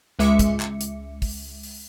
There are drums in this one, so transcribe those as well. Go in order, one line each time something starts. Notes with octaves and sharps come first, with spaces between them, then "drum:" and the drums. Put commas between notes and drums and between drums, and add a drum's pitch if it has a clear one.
C#2 G#3 E5 D6 C#7
drum: kick, hi-hat
drum: clap
drum: hi-hat
drum: kick, open hi-hat
drum: open hi-hat